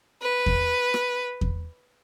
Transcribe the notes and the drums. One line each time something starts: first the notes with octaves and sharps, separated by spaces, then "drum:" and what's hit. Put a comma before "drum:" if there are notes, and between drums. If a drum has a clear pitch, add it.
B4
drum: kick E2
drum: rim click
drum: kick E2